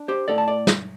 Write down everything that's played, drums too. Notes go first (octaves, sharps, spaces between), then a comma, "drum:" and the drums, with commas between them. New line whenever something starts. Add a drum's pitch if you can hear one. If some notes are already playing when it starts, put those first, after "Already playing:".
Already playing: D4
G4 C5
A2 A4 D5
A5
D5
drum: snare